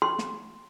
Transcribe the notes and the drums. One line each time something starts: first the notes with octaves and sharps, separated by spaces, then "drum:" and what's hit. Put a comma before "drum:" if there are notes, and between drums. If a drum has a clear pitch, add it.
C6
drum: snare